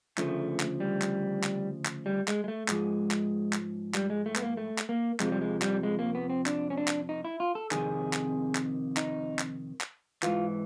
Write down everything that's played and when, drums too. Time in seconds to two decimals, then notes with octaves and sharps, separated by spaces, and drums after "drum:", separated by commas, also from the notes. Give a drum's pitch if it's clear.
0.18 D2 C#3 F3 A3, drum: clap
0.60 drum: clap
0.80 G3
1.02 drum: clap
1.43 drum: clap
1.85 drum: clap
2.06 G3
2.28 G#3, drum: clap
2.44 G#3
2.48 A3
2.68 G#2 F3 G#3, drum: clap
3.11 drum: clap
3.53 drum: clap
3.94 G3, drum: clap
4.10 G#3
4.26 A3
4.36 B3, drum: clap
4.42 A#3
4.57 A3
4.78 drum: clap
4.89 A#3
5.20 F2 C3 F3 G#3, drum: clap
5.32 G3
5.41 G#3
5.62 G3, drum: clap
5.83 G#3
5.99 A#3
6.15 B3
6.30 C4
6.46 D4, drum: clap
6.70 C#4
6.78 D4
6.88 drum: clap
7.09 D#4
7.25 E4
7.40 F4
7.55 A4
7.71 F2 C3 D#3 G#4, drum: clap
8.13 drum: clap
8.55 drum: clap
8.97 D#4, drum: clap
9.39 drum: clap
9.81 drum: clap
10.23 G#2 E3 F4, drum: clap